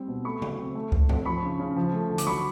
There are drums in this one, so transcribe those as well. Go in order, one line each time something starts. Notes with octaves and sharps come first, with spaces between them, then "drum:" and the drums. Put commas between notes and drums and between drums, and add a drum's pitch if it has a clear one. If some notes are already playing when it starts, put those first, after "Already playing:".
Already playing: G3 C4
B2
A3 B5 C#6
F#3, drum: tom C#3
C4
A3
A3, drum: kick C#2
C4, drum: tom G2
F3 B5 C#6
C#3
C#3
F3
A3
D3
D6, drum: hi-hat
F#3 B5 C#6